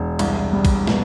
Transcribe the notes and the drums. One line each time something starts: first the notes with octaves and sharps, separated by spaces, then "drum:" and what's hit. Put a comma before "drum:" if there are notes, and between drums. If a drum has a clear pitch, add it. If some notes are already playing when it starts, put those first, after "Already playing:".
Already playing: E1
C2, drum: cymbal
G3
drum: kick, cymbal
B2, drum: snare